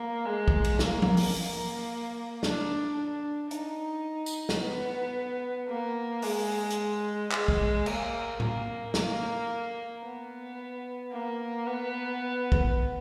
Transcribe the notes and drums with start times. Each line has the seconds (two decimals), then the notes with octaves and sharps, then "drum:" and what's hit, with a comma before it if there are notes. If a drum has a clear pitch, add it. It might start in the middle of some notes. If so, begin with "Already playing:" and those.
Already playing: A#3
0.25 G#3
0.48 drum: kick
0.64 drum: cymbal
0.79 A#3, drum: snare
1.02 drum: tom F3
1.17 drum: open hi-hat
1.34 A#3
2.43 D4, drum: snare
2.96 D4
3.51 D#4, drum: hi-hat
4.26 drum: tambourine
4.49 drum: snare
4.60 B3
5.68 A#3
6.22 G#3, drum: open hi-hat
6.70 drum: hi-hat
7.31 G#3, drum: clap
7.48 drum: kick
7.86 A#3, drum: cymbal
8.40 A#3, drum: tom A2
8.94 A#3, drum: snare
10.03 B3
11.12 A#3
11.66 B3
12.52 drum: kick